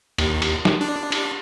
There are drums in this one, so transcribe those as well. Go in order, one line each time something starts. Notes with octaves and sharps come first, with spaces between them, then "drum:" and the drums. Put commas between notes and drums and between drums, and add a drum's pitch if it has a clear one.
D#2, drum: cymbal
drum: cymbal
drum: snare
D4
drum: cymbal